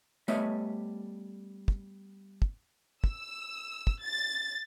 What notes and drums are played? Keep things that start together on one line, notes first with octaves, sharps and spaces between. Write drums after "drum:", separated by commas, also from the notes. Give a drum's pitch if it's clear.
G3 A3 B3 C#5 D#5 E5, drum: tambourine
drum: kick
drum: kick
E6, drum: kick
drum: kick
A6